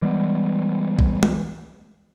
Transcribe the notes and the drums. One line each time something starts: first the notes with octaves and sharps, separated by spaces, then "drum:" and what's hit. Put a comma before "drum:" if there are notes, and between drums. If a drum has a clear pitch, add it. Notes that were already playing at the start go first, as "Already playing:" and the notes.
E3 G3 G#3 B3
drum: kick B1
drum: tom